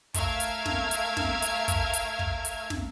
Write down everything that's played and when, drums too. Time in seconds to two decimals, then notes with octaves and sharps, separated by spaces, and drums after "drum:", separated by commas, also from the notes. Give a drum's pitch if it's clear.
0.14 A3 A#4 E5 F5 F6 G#6, drum: kick, hi-hat
0.40 drum: hi-hat
0.66 drum: snare
0.91 drum: hi-hat
1.17 drum: snare
1.42 drum: hi-hat
1.68 drum: kick, hi-hat
1.93 drum: hi-hat
2.19 drum: kick
2.45 drum: hi-hat
2.70 drum: snare